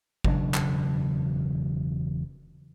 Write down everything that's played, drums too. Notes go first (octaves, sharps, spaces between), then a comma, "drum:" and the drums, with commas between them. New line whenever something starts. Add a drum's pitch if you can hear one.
E1 C#3 F#3 D4, drum: kick
drum: clap